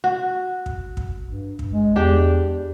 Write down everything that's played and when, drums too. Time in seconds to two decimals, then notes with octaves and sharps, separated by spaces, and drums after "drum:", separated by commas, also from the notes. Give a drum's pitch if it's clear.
0.04 F#4
0.66 drum: kick
0.97 drum: kick
1.24 G2
1.59 drum: kick
1.71 G#3
1.96 E2 D4 G4